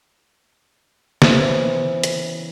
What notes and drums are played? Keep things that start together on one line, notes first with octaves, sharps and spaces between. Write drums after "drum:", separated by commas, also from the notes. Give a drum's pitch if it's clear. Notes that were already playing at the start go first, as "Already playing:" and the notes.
C#3 E3 B3 C5 E5, drum: snare
drum: hi-hat